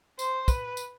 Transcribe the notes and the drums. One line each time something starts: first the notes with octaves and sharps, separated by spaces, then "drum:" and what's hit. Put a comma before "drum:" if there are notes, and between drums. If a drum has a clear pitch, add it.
C5, drum: tambourine
B4, drum: kick, tambourine
drum: tambourine